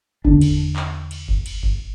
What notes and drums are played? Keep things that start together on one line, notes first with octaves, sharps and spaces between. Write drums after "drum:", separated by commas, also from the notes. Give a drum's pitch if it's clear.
E2 D3 D4, drum: kick F#1
drum: cymbal
drum: clap
drum: cymbal
drum: kick F#1
drum: cymbal
drum: kick F#1